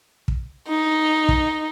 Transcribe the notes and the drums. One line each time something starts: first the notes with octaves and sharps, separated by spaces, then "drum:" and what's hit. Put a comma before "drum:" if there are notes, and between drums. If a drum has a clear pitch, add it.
drum: kick
D#4
drum: kick